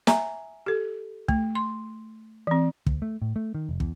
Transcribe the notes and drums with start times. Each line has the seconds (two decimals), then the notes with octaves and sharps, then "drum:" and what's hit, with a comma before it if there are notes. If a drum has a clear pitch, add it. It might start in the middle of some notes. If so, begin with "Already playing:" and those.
0.07 E5 G#5 A#5, drum: snare
0.66 G4 A4
1.28 A3, drum: kick
1.55 C6
2.47 E3 C4
2.86 D2, drum: kick
3.02 A3
3.22 A2
3.36 A3
3.55 D#3
3.69 F1
3.80 E2, drum: kick